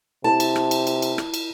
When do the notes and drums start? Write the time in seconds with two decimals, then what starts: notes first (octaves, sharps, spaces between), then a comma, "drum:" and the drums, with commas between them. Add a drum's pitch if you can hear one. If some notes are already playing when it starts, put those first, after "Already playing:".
0.24 C3 E4 A5
0.40 drum: cymbal
0.56 drum: rim click
0.71 drum: cymbal
0.87 drum: cymbal
1.02 drum: cymbal
1.18 drum: rim click
1.34 drum: cymbal